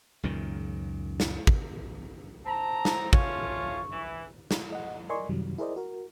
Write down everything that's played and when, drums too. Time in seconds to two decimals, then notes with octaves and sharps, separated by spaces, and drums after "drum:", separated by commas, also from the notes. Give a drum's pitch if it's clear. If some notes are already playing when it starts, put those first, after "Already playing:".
0.23 C#2 F#2 A#2 D#3
1.20 drum: snare
1.47 drum: kick
2.46 G#2 C4 A5 A#5
2.85 drum: snare
3.13 A3 C#4 F4 C#6, drum: kick
3.90 E3
4.51 drum: snare
4.72 D#5 F#5
5.09 A#4 D5 D#5 G#5 C6 C#6
5.29 F#2 C3 D#3 F#3 G3
5.58 E4 G#4 A#4 C5 D5 D#5
5.76 F#4 A#4